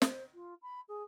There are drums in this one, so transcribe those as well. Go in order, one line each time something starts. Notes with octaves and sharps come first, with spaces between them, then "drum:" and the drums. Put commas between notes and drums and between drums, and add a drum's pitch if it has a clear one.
C5, drum: snare
F4
B5
G#4